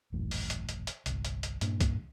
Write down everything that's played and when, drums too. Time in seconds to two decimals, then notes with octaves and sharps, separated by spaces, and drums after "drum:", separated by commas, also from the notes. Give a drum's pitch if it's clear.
0.12 D#1 A1 F#2 A2
0.31 drum: open hi-hat
0.50 drum: hi-hat
0.69 drum: hi-hat
0.87 drum: hi-hat
1.06 G1 C2, drum: hi-hat
1.25 drum: hi-hat
1.43 drum: hi-hat
1.61 G2 A#2 A#3 D4, drum: hi-hat
1.80 drum: kick, hi-hat